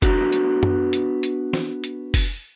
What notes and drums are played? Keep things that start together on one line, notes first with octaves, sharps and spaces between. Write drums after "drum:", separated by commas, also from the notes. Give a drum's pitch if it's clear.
B3 D4 F#4 A4 B4 A#5, drum: kick F#1, hi-hat
drum: hi-hat
drum: tom F#2
drum: hi-hat
drum: hi-hat
drum: snare
drum: hi-hat
drum: kick F#1, open hi-hat